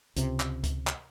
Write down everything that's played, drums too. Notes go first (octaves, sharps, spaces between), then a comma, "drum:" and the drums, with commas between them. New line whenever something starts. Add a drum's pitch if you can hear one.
C#2 C3, drum: hi-hat
drum: clap
drum: kick C#2, hi-hat
drum: clap